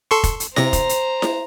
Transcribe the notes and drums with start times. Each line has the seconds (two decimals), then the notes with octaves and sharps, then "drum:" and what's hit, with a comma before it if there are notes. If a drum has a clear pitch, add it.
0.11 A4 C6 C#6
0.23 drum: kick F1, hi-hat
0.40 drum: hi-hat
0.56 C3 C5 A#5 A#6, drum: snare E4
0.73 drum: kick F1, hi-hat
0.89 drum: hi-hat
1.22 drum: snare E4